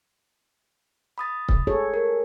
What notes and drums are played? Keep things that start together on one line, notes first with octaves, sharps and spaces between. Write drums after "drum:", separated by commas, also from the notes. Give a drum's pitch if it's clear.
B5 D#6 A6
drum: kick C#1
G#4 A4 C#5
A#4